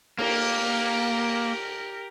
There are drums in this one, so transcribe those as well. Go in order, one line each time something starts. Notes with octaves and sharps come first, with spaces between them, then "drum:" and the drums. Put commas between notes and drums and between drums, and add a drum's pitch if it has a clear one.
A#3 G4 A#4, drum: cymbal